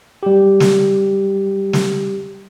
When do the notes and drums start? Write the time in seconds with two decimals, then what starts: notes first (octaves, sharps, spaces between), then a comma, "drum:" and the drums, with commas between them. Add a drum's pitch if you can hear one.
0.23 G3 G4
0.60 drum: snare
1.73 drum: snare